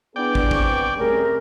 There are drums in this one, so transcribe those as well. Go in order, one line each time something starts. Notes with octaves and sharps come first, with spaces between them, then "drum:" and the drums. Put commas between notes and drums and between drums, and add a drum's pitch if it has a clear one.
B3 D4 E4 G#4 D5 G5
drum: kick
B3 C4 C#6 D6, drum: kick
C3 G3 A3 C#4 G#4 A#4